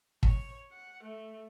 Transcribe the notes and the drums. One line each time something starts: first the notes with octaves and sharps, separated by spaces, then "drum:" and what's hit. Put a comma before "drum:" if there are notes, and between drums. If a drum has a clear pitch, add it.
C#5, drum: kick
F#5
A3